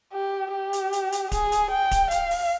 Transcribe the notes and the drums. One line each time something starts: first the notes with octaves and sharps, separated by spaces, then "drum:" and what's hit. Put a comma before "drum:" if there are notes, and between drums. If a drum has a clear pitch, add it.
G4
G4
drum: hi-hat
drum: hi-hat
drum: hi-hat
G#4, drum: kick D1, hi-hat
drum: hi-hat
G5
drum: kick D1, hi-hat
F5, drum: hi-hat
drum: open hi-hat